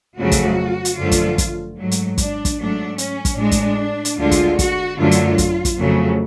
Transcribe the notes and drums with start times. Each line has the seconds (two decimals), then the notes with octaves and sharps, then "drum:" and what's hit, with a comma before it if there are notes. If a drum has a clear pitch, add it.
0.18 F2 C#3 F#3 A3 F#4
0.32 drum: kick, hi-hat
0.85 drum: hi-hat
0.98 F#2 D3 F3 A3 F4
1.11 drum: kick, hi-hat
1.38 drum: kick, hi-hat
1.78 G#2 F#3 A3
1.91 drum: hi-hat
2.18 D4, drum: kick, hi-hat
2.45 drum: kick, hi-hat
2.59 G#2 F#3 A3 D4
2.98 C#4, drum: hi-hat
3.25 drum: kick, hi-hat
3.38 A2 G#3 D4
3.51 drum: kick, hi-hat
4.05 drum: hi-hat
4.18 D2 D3 G#3 F4
4.31 drum: kick, hi-hat
4.59 F#4, drum: kick, hi-hat
4.98 F#2 D3 F#3 A3 F4
5.11 drum: hi-hat
5.38 drum: kick, hi-hat
5.65 drum: kick, hi-hat
5.78 F2 C#3 F#3 A3